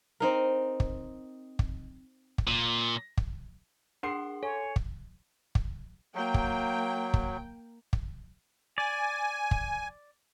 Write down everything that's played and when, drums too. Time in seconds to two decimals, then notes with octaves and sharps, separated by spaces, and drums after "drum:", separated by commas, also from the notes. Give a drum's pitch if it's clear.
0.20 C4 D#4 A#4
0.80 drum: kick
1.59 drum: kick
2.38 drum: kick
2.47 A#2
3.17 drum: kick
4.03 D4 G#4 A#4 F#5 C6 C7
4.43 A4 C#5 G#5
4.76 drum: kick
5.55 drum: kick
6.15 F#3 A#3 G5
6.34 drum: kick
7.14 drum: kick
7.93 drum: kick
8.78 D5 G#5
9.51 drum: kick